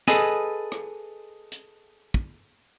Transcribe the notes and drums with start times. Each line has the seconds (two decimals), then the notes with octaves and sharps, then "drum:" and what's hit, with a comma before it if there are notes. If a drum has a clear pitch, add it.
0.08 G#4 A4 B4 D#5 G#5, drum: snare
0.72 drum: rim click
1.52 drum: hi-hat
2.14 drum: kick